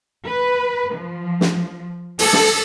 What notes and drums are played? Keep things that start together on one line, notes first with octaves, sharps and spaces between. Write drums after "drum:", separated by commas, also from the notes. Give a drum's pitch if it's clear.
B4
F3
drum: snare
A4, drum: open hi-hat
drum: snare